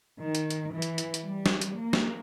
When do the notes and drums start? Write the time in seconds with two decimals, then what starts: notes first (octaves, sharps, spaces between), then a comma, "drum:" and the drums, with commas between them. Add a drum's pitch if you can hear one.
0.20 D#3
0.35 drum: hi-hat
0.50 drum: hi-hat
0.71 E3
0.82 drum: hi-hat
0.98 drum: hi-hat
1.14 drum: hi-hat
1.24 G3
1.46 drum: snare
1.61 drum: hi-hat
1.77 A#3
1.93 drum: snare